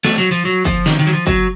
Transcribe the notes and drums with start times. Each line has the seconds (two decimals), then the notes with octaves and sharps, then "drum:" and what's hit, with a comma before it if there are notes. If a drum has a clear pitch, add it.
0.04 A3, drum: snare
0.18 F#3
0.31 F3
0.45 F#3
0.65 F3, drum: kick F#1
0.86 D#3, drum: snare
0.99 D#3
1.07 F#3
1.13 F3
1.27 F#3, drum: kick F#1